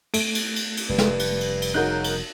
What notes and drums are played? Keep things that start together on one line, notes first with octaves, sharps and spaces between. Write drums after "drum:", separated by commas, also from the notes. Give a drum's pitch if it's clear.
A3 D7, drum: cymbal
drum: cymbal
drum: cymbal
drum: cymbal
F1 G2 G3
drum: snare
drum: cymbal
drum: cymbal
drum: cymbal
C#3 D#4 F#4 A#4 F#6 G6
drum: cymbal